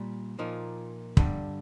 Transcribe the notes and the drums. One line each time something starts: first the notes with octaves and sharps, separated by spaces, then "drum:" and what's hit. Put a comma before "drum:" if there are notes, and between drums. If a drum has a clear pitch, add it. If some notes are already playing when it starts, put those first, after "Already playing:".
Already playing: A#2 G3
A#2 F3 A#3 D#4
G2 D3 G3, drum: kick